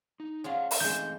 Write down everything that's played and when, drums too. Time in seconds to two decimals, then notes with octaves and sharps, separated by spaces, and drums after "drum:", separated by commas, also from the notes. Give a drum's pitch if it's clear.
0.20 D#4
0.44 C#4 F4 G#4 C#5 D5 F#5
0.71 drum: open hi-hat
0.80 E3 G#3 A3 C4 D#4 G6